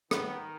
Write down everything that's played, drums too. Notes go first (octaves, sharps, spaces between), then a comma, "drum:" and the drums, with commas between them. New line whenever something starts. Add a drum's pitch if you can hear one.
D#3 B3, drum: rim click